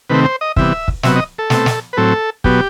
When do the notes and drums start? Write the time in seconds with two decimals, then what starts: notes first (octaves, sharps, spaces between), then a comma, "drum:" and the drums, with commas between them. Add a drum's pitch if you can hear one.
0.10 C3 D#3 A3 C4 B4
0.25 C5
0.41 D#5
0.56 C3 E3 G3 B3 E5, drum: kick
0.88 drum: kick
1.03 C3 F#3 B3 E5, drum: snare
1.16 D#5
1.39 A4
1.50 B2 A3 C4, drum: snare
1.66 drum: snare
1.93 B4
1.97 A2 F#3 C4 A4
2.44 B2 F#3 B3 G4, drum: kick